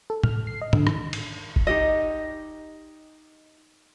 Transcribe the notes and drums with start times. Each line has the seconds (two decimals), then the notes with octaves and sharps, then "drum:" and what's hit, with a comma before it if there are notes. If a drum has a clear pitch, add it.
0.10 A4
0.23 F6, drum: tom A2
0.47 C7
0.61 D#5
0.73 D3, drum: tom G#2
0.87 D#3, drum: rim click
1.13 drum: cymbal
1.56 drum: kick F#1
1.67 D#4 G4 D#5